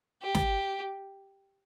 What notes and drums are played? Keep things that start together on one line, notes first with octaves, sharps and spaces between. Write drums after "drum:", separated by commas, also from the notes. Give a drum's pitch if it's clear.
G4
drum: snare